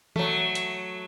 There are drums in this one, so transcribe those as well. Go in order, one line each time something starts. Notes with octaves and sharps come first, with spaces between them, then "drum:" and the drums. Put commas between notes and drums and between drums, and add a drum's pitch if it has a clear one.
F#3 A3, drum: tom E3
drum: hi-hat